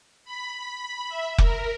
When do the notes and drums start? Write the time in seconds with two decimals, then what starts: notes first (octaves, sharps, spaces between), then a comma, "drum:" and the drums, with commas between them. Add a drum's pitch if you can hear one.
0.25 B5
0.54 B5
1.09 E5
1.38 A#4, drum: kick F1